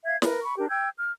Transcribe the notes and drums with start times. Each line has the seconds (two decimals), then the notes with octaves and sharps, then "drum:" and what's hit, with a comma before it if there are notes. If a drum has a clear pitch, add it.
0.04 E5 F5 G#6
0.22 A#4 B4, drum: snare
0.43 B5 C#6
0.57 D4 G4 A#4
0.70 G5 E6 G6 G#6
0.96 F6